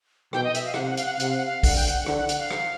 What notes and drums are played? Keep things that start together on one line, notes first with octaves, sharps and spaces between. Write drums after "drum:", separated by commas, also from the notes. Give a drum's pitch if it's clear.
B2 G5, drum: rim click
D#5
E5, drum: hi-hat
F5
C3 F#5, drum: rim click
F5
F#5
F5, drum: hi-hat
F#5
F5
C3 F#5, drum: hi-hat
F5
F#5
F5
D3 F#5, drum: kick, open hi-hat
G5
F#5, drum: hi-hat
D3 F#5, drum: rim click
F#5
F#5, drum: hi-hat
F5
drum: rim click